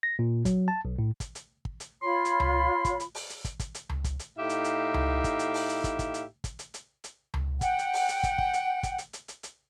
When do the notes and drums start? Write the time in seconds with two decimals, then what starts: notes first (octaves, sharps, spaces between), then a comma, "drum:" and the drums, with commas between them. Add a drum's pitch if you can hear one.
0.03 A#6
0.19 A#2
0.45 F#3, drum: kick, hi-hat
0.68 A5
0.85 B1
0.99 A2
1.20 drum: kick, hi-hat
1.35 drum: hi-hat
1.65 drum: kick
1.80 drum: hi-hat
2.02 F4 C#5 B5 C6
2.25 drum: hi-hat
2.40 drum: tom C#2
2.85 drum: kick, hi-hat
3.00 drum: hi-hat
3.15 drum: open hi-hat
3.30 drum: hi-hat
3.45 drum: kick, hi-hat
3.60 drum: kick, hi-hat
3.74 drum: hi-hat
3.89 drum: tom C#2
4.04 drum: kick, hi-hat
4.19 drum: hi-hat
4.38 A2 D#4 G4 E5 F5
4.49 drum: hi-hat
4.64 drum: hi-hat
4.94 drum: tom C#2
5.24 drum: kick, hi-hat
5.39 drum: hi-hat
5.54 drum: open hi-hat
5.69 drum: hi-hat
5.84 drum: kick, hi-hat
5.99 drum: kick, hi-hat
6.14 drum: hi-hat
6.44 drum: kick, hi-hat
6.59 drum: hi-hat
6.74 drum: hi-hat
7.04 drum: hi-hat
7.34 drum: tom C#2
7.61 F#5 G5, drum: kick, hi-hat
7.79 drum: hi-hat
7.94 drum: open hi-hat
8.08 drum: hi-hat
8.23 drum: kick, hi-hat
8.38 drum: kick
8.53 drum: hi-hat
8.83 drum: kick, hi-hat
8.98 drum: hi-hat
9.13 drum: hi-hat
9.28 drum: hi-hat
9.43 drum: hi-hat